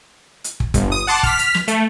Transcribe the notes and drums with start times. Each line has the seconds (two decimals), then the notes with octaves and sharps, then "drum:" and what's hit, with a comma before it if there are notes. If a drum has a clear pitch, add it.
0.44 drum: hi-hat
0.60 drum: kick
0.74 G1, drum: kick, hi-hat
0.92 D#6
1.07 F#5 A5 C6 D6
1.23 F6 B6, drum: kick
1.39 drum: hi-hat
1.54 drum: snare
1.68 A3, drum: hi-hat